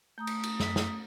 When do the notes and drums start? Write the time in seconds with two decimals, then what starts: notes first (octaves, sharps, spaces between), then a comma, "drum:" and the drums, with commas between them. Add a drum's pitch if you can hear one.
0.18 A3 A#5 D#6 G6
0.27 drum: cymbal
0.43 drum: cymbal
0.60 F#2 B6, drum: snare
0.76 drum: snare